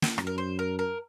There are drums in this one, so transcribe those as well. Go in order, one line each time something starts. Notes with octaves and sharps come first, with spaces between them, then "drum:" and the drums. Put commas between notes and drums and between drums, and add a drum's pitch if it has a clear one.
drum: snare
F#2, drum: rim click
A#4
C5
A#4
A#4